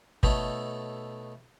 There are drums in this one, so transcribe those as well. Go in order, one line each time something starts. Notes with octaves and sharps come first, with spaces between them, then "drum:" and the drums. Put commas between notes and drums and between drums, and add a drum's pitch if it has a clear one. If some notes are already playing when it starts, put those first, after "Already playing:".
B2 A3 D#4 A4 C#5, drum: kick